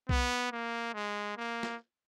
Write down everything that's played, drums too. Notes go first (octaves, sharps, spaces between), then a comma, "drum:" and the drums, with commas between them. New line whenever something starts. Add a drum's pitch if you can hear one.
B3, drum: kick B1
A#3
G#3
A#3
drum: snare